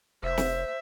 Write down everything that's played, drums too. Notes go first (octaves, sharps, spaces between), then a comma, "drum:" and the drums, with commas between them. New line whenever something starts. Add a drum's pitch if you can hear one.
F1 C5 E5
drum: snare